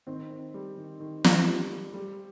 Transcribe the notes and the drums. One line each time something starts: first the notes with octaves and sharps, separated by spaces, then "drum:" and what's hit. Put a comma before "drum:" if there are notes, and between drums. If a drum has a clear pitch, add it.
D#3 C4
D#3
G3
D#3
D#3
D#3, drum: snare
G3
G3
G3